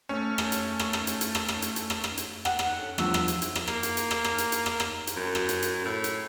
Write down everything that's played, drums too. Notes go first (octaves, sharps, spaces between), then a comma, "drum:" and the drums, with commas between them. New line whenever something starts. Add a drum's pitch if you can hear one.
A3 C#4
drum: rim click
drum: hi-hat
drum: rim click
drum: rim click
drum: hi-hat
drum: hi-hat
drum: rim click
drum: rim click
drum: hi-hat
drum: hi-hat
drum: rim click
drum: rim click
drum: hi-hat
F#5 G5, drum: rim click
drum: rim click
C#4 A4
E2 G2 F3 E5 C#6, drum: rim click
drum: rim click
drum: hi-hat
drum: hi-hat
drum: rim click
A#3, drum: rim click
drum: hi-hat
drum: hi-hat
drum: rim click
drum: rim click
drum: hi-hat
drum: hi-hat
drum: rim click
drum: rim click
drum: hi-hat
F#2
drum: rim click
drum: hi-hat
drum: hi-hat
A2
drum: hi-hat